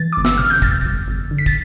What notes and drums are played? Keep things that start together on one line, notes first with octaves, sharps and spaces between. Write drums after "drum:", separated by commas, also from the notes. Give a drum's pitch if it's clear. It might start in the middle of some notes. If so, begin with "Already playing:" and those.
Already playing: E3 A6
G1 D6
E6, drum: snare
C3 F6
G6
F2 A6, drum: kick
G1
G1
D3
B6
A6, drum: kick